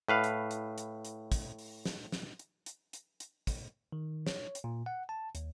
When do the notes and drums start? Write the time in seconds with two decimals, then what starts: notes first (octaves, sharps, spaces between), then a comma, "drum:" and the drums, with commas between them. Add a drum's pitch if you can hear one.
0.09 A2 B4 F5
0.24 drum: hi-hat
0.51 drum: hi-hat
0.78 drum: hi-hat
1.05 drum: hi-hat
1.32 drum: kick, hi-hat
1.59 drum: open hi-hat
1.85 drum: snare
2.12 drum: snare
2.39 drum: hi-hat
2.66 drum: hi-hat
2.93 drum: hi-hat
3.20 drum: hi-hat
3.47 drum: kick, hi-hat
3.92 D#3
4.27 C#5, drum: snare
4.55 drum: hi-hat
4.64 A#2
4.86 F#5
5.09 A5
5.35 D#2, drum: hi-hat